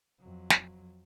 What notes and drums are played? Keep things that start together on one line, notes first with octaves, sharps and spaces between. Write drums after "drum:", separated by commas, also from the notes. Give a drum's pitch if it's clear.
F2 F#3
drum: snare